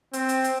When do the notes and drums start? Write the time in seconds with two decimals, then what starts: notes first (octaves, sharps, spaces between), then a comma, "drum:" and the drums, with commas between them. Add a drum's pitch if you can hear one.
0.13 C4, drum: hi-hat
0.29 drum: hi-hat
0.44 drum: hi-hat